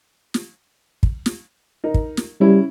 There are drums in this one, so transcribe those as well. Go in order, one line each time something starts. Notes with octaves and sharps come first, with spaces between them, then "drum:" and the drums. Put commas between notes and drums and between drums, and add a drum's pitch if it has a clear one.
drum: snare
drum: kick
drum: snare
D#4 A#4
drum: kick
drum: snare
C#3 G3 C#4 E4